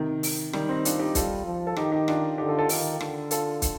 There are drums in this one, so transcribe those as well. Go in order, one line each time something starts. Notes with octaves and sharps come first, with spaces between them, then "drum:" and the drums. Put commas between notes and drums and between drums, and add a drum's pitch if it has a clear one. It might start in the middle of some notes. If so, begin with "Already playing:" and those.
Already playing: C3 D#3
drum: open hi-hat
D#3 G3, drum: rim click
C4 D#4
D4 F4, drum: hi-hat
D#4 G4
G3 F4 A4, drum: kick, hi-hat
F3
A4
D#3 D#4 G4, drum: rim click
D#4 G4
D4 F4, drum: rim click
D3 D#4 G4
F4 A4
F4 A4
D#3 F4 A4, drum: open hi-hat
D3, drum: rim click
F4 A4, drum: hi-hat
drum: kick, hi-hat